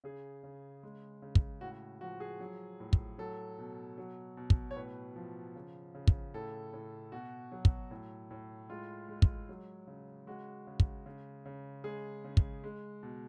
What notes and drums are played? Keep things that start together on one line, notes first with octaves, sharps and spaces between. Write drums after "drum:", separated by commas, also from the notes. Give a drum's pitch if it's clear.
C#3 G#4
C#3
G#3
C#3
drum: kick
A2 F#4
F3 F#4
G#4
F#3
A2
drum: kick
F#3 A4
B2
F#3
B2
drum: kick
C#5
A2 B4
F3
C#3
C#3
drum: kick
A2 A4
A2
B2 F#4
F#3
drum: kick
A2
A2
G#3 F4
G#3
drum: kick
F#3
C#3
G#3 F#4
C#3
drum: kick
C#3
C#3
G#3 G#4
C#3
drum: kick
G#3
B2